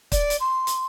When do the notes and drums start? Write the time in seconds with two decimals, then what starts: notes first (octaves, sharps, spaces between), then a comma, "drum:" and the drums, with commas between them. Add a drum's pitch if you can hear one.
0.12 D5, drum: kick, hi-hat
0.30 drum: hi-hat
0.40 C6
0.67 drum: hi-hat